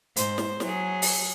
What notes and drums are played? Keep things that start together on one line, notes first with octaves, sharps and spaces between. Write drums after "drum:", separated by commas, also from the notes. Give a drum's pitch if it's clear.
G#2 C5, drum: hi-hat
drum: snare
F#3 G#4, drum: snare
drum: open hi-hat